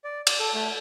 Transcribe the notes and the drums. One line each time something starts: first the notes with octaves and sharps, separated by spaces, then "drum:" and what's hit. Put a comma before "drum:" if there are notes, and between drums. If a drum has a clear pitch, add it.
D5
D5, drum: cymbal
A4
A3